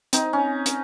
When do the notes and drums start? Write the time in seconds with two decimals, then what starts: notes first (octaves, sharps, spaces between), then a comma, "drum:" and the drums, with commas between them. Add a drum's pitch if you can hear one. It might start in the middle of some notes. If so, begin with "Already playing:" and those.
0.13 C4 D#4, drum: hi-hat
0.33 C#4
0.66 drum: hi-hat